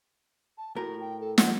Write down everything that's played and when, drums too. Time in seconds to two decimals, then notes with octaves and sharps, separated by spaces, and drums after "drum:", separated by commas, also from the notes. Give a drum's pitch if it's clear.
0.58 A5
0.76 A2 F#4 A#4
1.00 G5
1.21 A4
1.38 F3 F#5, drum: snare